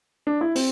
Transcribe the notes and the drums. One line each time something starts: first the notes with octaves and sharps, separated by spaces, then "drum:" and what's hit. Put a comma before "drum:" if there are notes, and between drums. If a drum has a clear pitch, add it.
D4
E4
C4, drum: open hi-hat